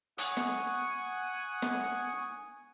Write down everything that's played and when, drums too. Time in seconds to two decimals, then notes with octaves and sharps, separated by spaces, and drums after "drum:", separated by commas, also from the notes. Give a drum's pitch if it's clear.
0.18 F#5 G#5 C#6 D#6 F#6, drum: hi-hat
0.37 drum: snare
1.62 drum: snare